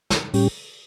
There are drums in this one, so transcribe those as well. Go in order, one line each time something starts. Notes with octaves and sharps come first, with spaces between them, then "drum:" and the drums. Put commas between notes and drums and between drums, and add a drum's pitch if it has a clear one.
drum: snare
A2 G3 C#4 G4, drum: open hi-hat